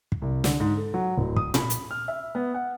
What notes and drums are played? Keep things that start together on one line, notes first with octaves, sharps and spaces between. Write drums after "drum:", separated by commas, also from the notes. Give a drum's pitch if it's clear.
drum: kick
C2
D3, drum: snare
G#2
A4
F#3
D1
D#6, drum: kick
B5, drum: tom A#2
drum: hi-hat
F6
E5
B3
F#5